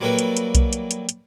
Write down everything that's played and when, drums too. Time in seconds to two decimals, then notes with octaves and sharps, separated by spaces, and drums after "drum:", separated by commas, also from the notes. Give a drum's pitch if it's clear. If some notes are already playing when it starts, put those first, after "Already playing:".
0.01 F#3 G3 A#3 E4 A4 B4
0.19 drum: hi-hat
0.37 drum: hi-hat
0.55 drum: kick B1, hi-hat
0.73 drum: hi-hat
0.91 drum: hi-hat
1.09 drum: hi-hat